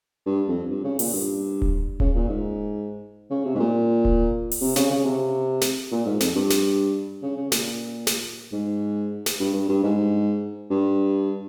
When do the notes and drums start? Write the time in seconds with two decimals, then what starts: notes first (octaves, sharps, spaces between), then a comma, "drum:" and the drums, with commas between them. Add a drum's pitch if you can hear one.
0.26 G2
0.48 F2
0.70 G2
0.84 C#3
0.99 A#2, drum: open hi-hat
1.14 G2
1.62 drum: kick D#1
2.00 C#3, drum: kick D#1
2.15 A#2
2.29 G#2
3.30 C#3
3.45 C3
3.55 G#2
3.60 A#2
4.05 drum: kick D#1
4.51 drum: open hi-hat
4.61 C3
4.76 C#3, drum: snare
4.91 C#3
5.05 C3
5.61 drum: snare
5.92 A#2
6.06 G#2
6.20 F2, drum: snare
6.36 G2
6.50 drum: snare
7.23 C#3
7.37 C#3
7.52 A#2, drum: snare
8.07 drum: snare
8.53 G#2
9.26 drum: snare
9.40 G2
9.54 G2
9.69 G2
9.83 G#2
10.70 G2